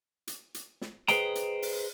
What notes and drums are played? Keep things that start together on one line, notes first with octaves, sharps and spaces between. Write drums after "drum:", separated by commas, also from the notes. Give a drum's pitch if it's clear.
drum: hi-hat
drum: hi-hat
drum: snare
G#4 B4 C5 D#5 G5 A#5, drum: hi-hat
drum: hi-hat
drum: open hi-hat